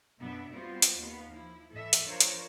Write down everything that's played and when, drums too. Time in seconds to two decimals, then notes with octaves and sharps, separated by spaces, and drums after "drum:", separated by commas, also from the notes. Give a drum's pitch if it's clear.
0.19 F#2 B2 B3 D4 E5
0.51 G3 B3 C4 F4 F#4 C5
0.82 drum: hi-hat
0.98 D#2 B3 F5
1.32 F3 E4
1.73 A2 E3 A4 E5
1.93 drum: hi-hat
2.07 F3 D4 F4 A#4 C5 C#5
2.20 drum: hi-hat